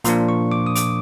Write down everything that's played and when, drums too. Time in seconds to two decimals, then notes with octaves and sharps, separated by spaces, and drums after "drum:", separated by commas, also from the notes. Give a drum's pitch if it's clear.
0.04 A#2 F3 A#3 D4 C6, drum: hi-hat
0.29 C#6
0.52 D6
0.67 D#6
0.75 D6, drum: hi-hat